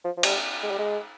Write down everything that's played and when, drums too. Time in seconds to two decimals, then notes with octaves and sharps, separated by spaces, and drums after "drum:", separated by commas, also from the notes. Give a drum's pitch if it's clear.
0.04 F3
0.17 F3
0.23 G3, drum: cymbal
0.63 G#3
0.71 G3
0.78 G#3